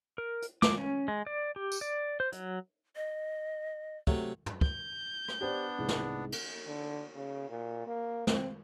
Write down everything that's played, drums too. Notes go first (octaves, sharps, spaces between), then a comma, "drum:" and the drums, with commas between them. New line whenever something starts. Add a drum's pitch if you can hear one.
A#4
drum: hi-hat
D6, drum: snare
C#4
G#3
D5
G4
drum: tambourine
D5
C5
F#3, drum: hi-hat
D#5
C3 F#3 A3, drum: kick
drum: tom
G6, drum: kick
drum: rim click
B3 D4 G4 C5 D5
C2 G#2
drum: snare
drum: cymbal
D3
C#3
A#2
A#3
C4, drum: snare